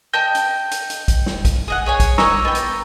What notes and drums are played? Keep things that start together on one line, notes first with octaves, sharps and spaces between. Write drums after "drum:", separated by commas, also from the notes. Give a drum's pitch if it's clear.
D#5 G5 A5 G6
drum: hi-hat
drum: hi-hat
drum: hi-hat
drum: kick, hi-hat
drum: snare
drum: kick, hi-hat
G#4 D#5 F#5
G#4 C#5 G#5
drum: kick, hi-hat
A#3 D#5 A#5 C#6 E6, drum: snare
B3 G5
drum: hi-hat